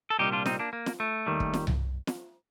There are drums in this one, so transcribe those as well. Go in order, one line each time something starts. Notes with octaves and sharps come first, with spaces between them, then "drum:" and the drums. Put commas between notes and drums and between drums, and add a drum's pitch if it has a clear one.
A4
C2 A#2 G3 D#4 G4
D4 F4
C4 D#4, drum: snare
A#3 D4
A#3
drum: snare
A3
D#2 D#3 G3
drum: kick
drum: snare
drum: tom C2
drum: snare